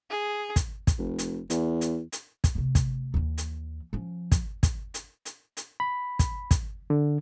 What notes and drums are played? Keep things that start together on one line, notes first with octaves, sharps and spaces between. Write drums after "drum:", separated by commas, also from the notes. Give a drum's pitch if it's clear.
G#4
drum: kick, hi-hat
drum: kick, hi-hat
F1
drum: hi-hat
E2, drum: hi-hat
drum: hi-hat
drum: hi-hat
drum: kick, hi-hat
C3 A3
drum: kick, hi-hat
D#2 E3
drum: hi-hat
F3 C#4
drum: kick, hi-hat
drum: kick, hi-hat
drum: hi-hat
drum: hi-hat
drum: hi-hat
B5
drum: kick, hi-hat
drum: kick, hi-hat
D3